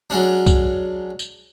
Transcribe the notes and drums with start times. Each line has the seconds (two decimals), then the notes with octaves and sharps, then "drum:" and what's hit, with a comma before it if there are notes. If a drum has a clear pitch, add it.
0.10 F#3 G#3 C#4 D4
0.46 drum: kick, tambourine
1.19 drum: tambourine